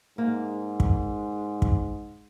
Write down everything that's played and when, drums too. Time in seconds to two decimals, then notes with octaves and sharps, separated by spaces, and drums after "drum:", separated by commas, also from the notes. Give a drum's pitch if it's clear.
0.18 G#2 A#3
0.80 drum: kick
1.62 drum: kick